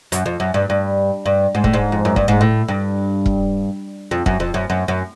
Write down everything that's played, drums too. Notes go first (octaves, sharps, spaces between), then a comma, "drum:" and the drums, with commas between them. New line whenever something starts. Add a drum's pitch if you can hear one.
F#2, drum: hi-hat
F2
F#2
G2
G2
G2
G#2
A2, drum: kick E1
G#2
F2
F#2
G2, drum: kick E1
G#2
A2
G2
drum: kick E1
F2
F#2, drum: kick E1
F2
F#2
F#2
F#2